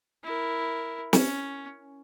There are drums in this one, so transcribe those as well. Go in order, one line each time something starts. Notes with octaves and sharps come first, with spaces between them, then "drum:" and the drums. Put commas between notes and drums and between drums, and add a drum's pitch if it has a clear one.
E4 A#4
C#4, drum: snare